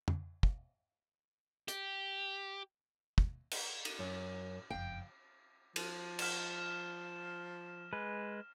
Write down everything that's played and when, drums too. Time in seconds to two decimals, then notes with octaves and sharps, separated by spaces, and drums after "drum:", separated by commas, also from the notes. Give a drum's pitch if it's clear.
0.08 drum: tom F2
0.43 drum: kick
1.68 G4, drum: hi-hat
3.18 drum: kick
3.51 drum: cymbal
3.85 drum: cymbal
3.99 F#2
4.70 F#1 F2 F5 G5
5.76 F3, drum: cymbal
6.19 F6 E7, drum: cymbal
7.93 G#3 B4